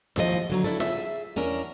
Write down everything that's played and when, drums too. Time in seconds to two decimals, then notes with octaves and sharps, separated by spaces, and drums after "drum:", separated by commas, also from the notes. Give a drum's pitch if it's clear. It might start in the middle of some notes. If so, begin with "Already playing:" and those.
0.16 D#2 A2 F3 G#4 D#5, drum: snare F4
0.50 D3 F#3 D#4
0.63 A2 D4 E4 A4 E5
0.80 G#4 E5, drum: snare F4
1.36 E2 C#4 D4 A#4